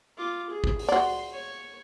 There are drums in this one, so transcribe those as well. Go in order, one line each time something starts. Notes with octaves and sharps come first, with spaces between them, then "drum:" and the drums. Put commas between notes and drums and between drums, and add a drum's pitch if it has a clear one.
F4 D6
G#4
drum: kick
drum: open hi-hat
F#4 D5 C6
C#5